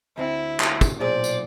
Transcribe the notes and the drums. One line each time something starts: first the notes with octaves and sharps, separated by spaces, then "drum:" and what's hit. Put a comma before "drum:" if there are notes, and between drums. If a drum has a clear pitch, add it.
D2 C4 E4
drum: clap
drum: kick, tambourine
B1 A#2 G#4 C5 D5
drum: tambourine